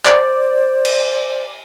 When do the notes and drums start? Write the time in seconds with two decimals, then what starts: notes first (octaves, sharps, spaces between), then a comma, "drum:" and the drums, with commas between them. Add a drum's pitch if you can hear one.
0.05 C5 D5, drum: clap
0.85 drum: cymbal